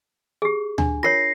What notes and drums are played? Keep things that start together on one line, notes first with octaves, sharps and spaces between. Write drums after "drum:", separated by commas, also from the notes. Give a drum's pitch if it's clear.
G4 G#4
D4, drum: tom D2
F4 A#4 C#5 A#6 C7